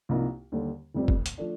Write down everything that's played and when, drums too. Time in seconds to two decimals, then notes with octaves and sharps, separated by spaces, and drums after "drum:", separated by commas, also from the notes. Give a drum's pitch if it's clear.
0.09 C2 C3 F3 A#3 D#4
0.52 D#2 D3 G3
0.94 F1 F2 C3 G3
1.08 drum: kick
1.26 drum: hi-hat
1.38 F3 A3 D4